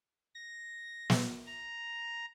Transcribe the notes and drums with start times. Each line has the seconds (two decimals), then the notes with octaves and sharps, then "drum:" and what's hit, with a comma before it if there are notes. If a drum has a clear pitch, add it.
0.35 A#6
1.10 drum: snare
1.46 A#5